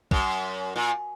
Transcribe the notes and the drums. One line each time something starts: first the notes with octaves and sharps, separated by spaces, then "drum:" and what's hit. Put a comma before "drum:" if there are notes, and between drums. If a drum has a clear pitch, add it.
F#2, drum: kick
A#2